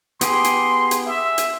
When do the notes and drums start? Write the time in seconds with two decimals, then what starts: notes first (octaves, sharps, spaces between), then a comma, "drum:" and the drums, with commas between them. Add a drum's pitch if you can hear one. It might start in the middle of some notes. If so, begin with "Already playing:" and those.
0.21 B3 G4 G#4 C6, drum: hi-hat
0.44 drum: hi-hat
0.91 drum: hi-hat
1.06 E5
1.38 drum: hi-hat